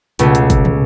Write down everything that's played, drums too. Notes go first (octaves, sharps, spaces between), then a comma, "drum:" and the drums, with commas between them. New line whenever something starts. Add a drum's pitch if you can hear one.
C#2 B2 A3 C#4 F4, drum: hi-hat
drum: hi-hat
drum: kick, hi-hat
drum: tom